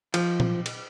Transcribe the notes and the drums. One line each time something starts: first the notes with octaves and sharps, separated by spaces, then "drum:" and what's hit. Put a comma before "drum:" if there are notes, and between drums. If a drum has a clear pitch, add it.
F3, drum: cymbal
drum: tom
drum: cymbal